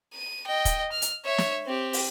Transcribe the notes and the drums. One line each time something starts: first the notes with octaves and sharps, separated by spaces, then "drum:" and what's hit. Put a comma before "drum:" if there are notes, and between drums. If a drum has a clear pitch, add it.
D#7
D#5 G5
drum: kick, hi-hat
F6
drum: hi-hat
C#5 E5
drum: snare
C4 G4
drum: open hi-hat